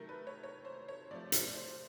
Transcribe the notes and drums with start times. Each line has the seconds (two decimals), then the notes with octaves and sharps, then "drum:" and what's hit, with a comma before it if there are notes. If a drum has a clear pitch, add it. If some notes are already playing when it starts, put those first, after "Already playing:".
Already playing: C3 D#3 F#3 A3 A#4
0.09 B4
0.27 C#5
0.43 C#5
0.65 C5
0.88 C#5
1.11 C3 F3 A3 D5
1.32 C5, drum: hi-hat
1.56 C5
1.69 C5